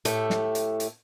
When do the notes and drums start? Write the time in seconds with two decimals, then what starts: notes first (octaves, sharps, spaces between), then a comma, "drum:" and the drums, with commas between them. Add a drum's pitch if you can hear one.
0.05 A2 A3 G4, drum: hi-hat
0.30 drum: snare
0.55 drum: hi-hat
0.80 drum: hi-hat